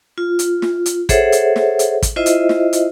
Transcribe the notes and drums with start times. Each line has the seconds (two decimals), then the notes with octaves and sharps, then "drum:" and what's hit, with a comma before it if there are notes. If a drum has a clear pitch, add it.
0.18 F4
0.39 drum: hi-hat
0.62 drum: snare
0.86 drum: hi-hat
1.09 G#4 A4 C5 C#5 E5 F#5, drum: kick, hi-hat
1.32 drum: hi-hat
1.56 drum: snare
1.79 drum: hi-hat
2.02 drum: kick, hi-hat
2.16 E4 F4 C5 D#5 E5
2.26 drum: hi-hat
2.49 drum: snare
2.73 drum: hi-hat